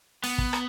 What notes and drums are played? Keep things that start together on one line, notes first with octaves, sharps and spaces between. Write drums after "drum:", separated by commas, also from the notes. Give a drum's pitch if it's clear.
B3, drum: open hi-hat
drum: kick
drum: rim click